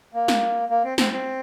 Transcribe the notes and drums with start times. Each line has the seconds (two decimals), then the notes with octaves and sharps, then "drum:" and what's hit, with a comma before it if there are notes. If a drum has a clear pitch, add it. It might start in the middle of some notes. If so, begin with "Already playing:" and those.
0.14 A#3
0.28 drum: snare
0.70 A#3
0.84 C4
0.98 C4, drum: snare
1.12 C4